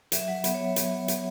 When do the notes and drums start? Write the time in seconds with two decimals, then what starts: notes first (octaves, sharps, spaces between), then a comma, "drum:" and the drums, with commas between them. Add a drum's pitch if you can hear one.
0.12 F#3 E5, drum: hi-hat
0.28 F#3 F#5
0.44 B3 E5, drum: hi-hat
0.54 C#5
0.76 drum: hi-hat
1.08 drum: hi-hat